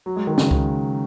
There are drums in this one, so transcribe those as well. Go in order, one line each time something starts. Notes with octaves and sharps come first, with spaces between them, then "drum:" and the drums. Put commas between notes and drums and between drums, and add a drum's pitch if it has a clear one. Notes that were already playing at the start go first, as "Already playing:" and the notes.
F#3
G#3
D#3
C#3, drum: snare
drum: kick C#2